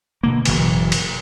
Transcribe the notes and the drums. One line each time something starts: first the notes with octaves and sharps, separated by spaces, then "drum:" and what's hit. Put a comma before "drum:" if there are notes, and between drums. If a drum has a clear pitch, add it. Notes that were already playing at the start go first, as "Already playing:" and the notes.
B2 D3 A#3
F#1 B2 E3, drum: cymbal
drum: cymbal